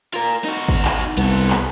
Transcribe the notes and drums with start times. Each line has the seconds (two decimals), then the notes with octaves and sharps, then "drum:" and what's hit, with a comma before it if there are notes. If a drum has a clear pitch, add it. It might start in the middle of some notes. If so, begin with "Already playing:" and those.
0.14 F4 A#4
0.44 D#4 F#4
0.68 drum: kick G#1
0.85 drum: clap
1.18 C2 B3 A4, drum: hi-hat
1.50 drum: clap